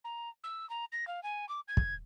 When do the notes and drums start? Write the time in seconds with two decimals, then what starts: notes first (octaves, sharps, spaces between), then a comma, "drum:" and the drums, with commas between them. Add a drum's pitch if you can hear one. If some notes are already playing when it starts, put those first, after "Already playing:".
0.04 A#5
0.44 E6
0.70 A#5
0.92 A#6
1.07 F5
1.23 G#5
1.49 D6
1.68 G#6
1.77 drum: kick